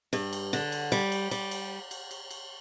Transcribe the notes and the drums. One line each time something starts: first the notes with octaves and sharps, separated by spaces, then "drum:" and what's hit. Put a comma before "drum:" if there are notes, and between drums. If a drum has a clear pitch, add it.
G2, drum: cymbal
drum: cymbal
D3, drum: cymbal
drum: cymbal
G3, drum: cymbal
drum: cymbal
G3, drum: cymbal
drum: cymbal
drum: cymbal
drum: cymbal
drum: cymbal